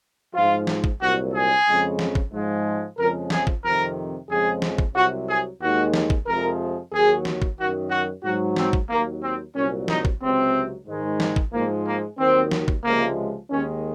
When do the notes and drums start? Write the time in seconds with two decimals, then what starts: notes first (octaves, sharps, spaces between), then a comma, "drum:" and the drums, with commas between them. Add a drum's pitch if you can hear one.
0.34 G#2 F3 G#3 F4
0.67 drum: snare
0.84 drum: kick
1.00 C2 A#2 F#3 F#4
1.33 G#4
1.66 F2 C#3 G#3
1.99 drum: snare
2.15 drum: kick
2.32 G#2 F3 G#3
2.98 F2 C#3 F3 G#3 A#4
3.30 G#4, drum: snare
3.47 drum: kick
3.63 F2 C3 D#3 A#4
4.29 F2 C#3 F3 G#3 G#4
4.62 drum: snare
4.78 drum: kick
4.95 C2 C3 F#3 F#4
5.28 G#4
5.61 D#2 D#3 G#3 F#4
5.94 drum: snare
6.10 drum: kick
6.27 F2 C3 F3 G#3 A#4
6.92 D#2 D#3 F#3 G#4
7.25 drum: snare
7.42 drum: kick
7.58 F#2 D#3 F#3 F#4
7.90 F#4
8.24 G#2 F#3 F#4
8.56 C4, drum: snare
8.73 drum: kick
8.90 D#2 D#3 F#3 A#3
9.23 C4
9.55 C2 A#2 F#3 C#4
9.88 D#4, drum: snare
10.05 drum: kick
10.21 C#2 C3 F#3 C4
10.87 G#2 D#3 G#3
11.20 drum: snare
11.36 drum: kick
11.53 G#2 F3 G#3 A#3
11.86 A#3
12.19 D#2 D#3 F#3 C4
12.51 drum: snare
12.68 drum: kick
12.85 C#2 C3 F3 G#3 A#3
13.50 D#2 D#3 G#3 C#4